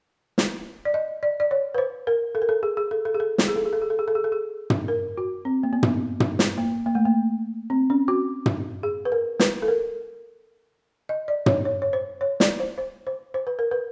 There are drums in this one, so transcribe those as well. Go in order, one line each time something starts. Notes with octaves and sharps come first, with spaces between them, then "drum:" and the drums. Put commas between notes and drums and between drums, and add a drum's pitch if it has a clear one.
drum: snare
D5
D#5
D5
D5
C#5
B4
C5
A#4
A4
A#4
A4
G#4
G#4
A4
A4
G#4
A4
drum: snare
G#4
A4
G#4
A4
G#4
A4
G#4
A4
G#4
A4
G#4
drum: tom
A#4
F#4
C4
A#3
B3
drum: tom
drum: tom
drum: snare
A#3
A#3
A3
A#3
C4
C#4
F#4
drum: tom
G#4
B4
A#4
B4, drum: snare
A4
A#4
D#5
D5
C#5, drum: tom
C#5
C#5
C5
C#5
D5, drum: snare
C5
C5
C5
C5
B4
A#4
B4